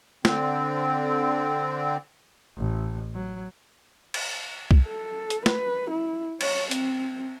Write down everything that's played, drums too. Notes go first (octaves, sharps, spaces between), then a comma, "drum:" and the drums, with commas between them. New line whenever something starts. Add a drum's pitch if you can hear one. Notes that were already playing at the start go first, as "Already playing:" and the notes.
D3 C4, drum: snare
A1
F#3
drum: cymbal
drum: kick
A4
drum: hi-hat
B4, drum: snare
E4
C#5, drum: cymbal
C4, drum: hi-hat